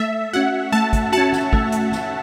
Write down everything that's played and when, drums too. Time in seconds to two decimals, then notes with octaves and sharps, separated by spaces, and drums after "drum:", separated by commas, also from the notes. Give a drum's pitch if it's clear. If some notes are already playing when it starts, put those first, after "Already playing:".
Already playing: A3 E5
0.33 C#4 F#4 F#5
0.72 A3 A5
0.93 drum: kick, hi-hat
1.12 C#4 F#4 A5
1.32 drum: snare
1.53 A3, drum: kick
1.72 drum: hi-hat
1.92 drum: snare